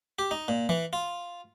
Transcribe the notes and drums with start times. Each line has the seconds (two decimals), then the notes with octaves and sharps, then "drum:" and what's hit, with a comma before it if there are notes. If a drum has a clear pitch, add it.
0.19 G4
0.31 D#4
0.48 A#2
0.69 E3, drum: tom E3
0.93 F4